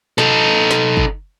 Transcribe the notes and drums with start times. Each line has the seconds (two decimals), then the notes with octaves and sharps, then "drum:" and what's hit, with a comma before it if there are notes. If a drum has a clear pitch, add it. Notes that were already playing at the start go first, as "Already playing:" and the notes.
0.18 D#4 A4, drum: snare
0.71 drum: snare
0.97 drum: kick